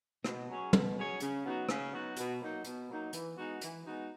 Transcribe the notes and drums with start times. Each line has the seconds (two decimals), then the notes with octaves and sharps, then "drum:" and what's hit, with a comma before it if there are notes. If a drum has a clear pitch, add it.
0.24 B2, drum: rim click
0.48 F#3 C#4 G#4 C#5
0.73 B2, drum: tom
0.97 F#3 C#4 G#4 C#5
1.20 C#3, drum: hi-hat
1.45 F#3 B3 D#4 F#4
1.69 C#3, drum: rim click
1.92 F#3 B3 D#4 F#4
2.16 B2, drum: hi-hat
2.41 F#3 A#3 D#4
2.64 B2, drum: hi-hat
2.89 F#3 A#3 D#4
3.13 E3, drum: hi-hat
3.36 G#3 B3 D#4 F#4
3.61 E3, drum: hi-hat
3.85 G#3 B3 D#4 F#4